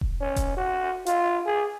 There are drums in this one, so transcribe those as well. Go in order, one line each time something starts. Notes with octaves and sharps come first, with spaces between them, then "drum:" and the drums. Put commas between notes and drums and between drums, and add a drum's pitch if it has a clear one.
drum: kick E1
C#4
drum: kick E1, hi-hat
F#4
F4, drum: hi-hat
G#4